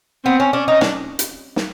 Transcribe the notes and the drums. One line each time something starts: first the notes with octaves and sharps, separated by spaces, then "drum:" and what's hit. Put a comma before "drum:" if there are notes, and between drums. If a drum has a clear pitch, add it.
B3 C4
C#4
C#4 D4
D#4
D4, drum: snare
drum: hi-hat
drum: snare